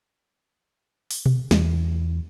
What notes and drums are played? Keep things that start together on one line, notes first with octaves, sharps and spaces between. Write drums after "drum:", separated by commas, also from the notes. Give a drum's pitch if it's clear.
drum: open hi-hat
drum: tom B2
E2, drum: snare